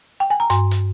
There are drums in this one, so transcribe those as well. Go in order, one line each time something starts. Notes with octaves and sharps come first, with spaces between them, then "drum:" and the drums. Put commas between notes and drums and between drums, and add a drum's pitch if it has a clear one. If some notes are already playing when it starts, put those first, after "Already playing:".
G5
G#5
A#5
G2 C6, drum: hi-hat
drum: hi-hat